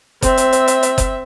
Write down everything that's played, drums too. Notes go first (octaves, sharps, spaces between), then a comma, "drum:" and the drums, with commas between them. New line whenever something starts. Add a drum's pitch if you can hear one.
C4 E5, drum: kick F#1, hi-hat
drum: hi-hat
drum: hi-hat
drum: hi-hat
drum: hi-hat
drum: kick F#1, hi-hat